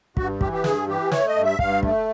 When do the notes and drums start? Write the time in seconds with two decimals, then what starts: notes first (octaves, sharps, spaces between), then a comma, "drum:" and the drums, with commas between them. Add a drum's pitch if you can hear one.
0.17 G2 F#4, drum: kick
0.41 E3 G4, drum: kick
0.52 G4
0.64 G2 G#4, drum: snare
0.88 E3 G4
1.11 A3 C#5, drum: snare
1.27 D#5
1.36 G2
1.44 E5
1.59 G2 F5, drum: kick
1.83 A3, drum: kick